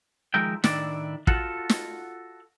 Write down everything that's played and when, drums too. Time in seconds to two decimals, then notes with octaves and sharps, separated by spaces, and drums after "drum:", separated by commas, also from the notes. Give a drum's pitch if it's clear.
0.34 D#3 F3 G#3 A#4 E5 G5
0.64 A2 D#3 D4 E4 D5, drum: snare
1.27 F4 F#4 A4 F#5, drum: kick
1.69 drum: snare